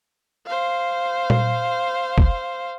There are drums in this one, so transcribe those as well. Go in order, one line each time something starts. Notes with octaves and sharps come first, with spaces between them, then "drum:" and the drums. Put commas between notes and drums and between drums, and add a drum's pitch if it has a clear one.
C5 F5
drum: tom A#2
drum: kick F1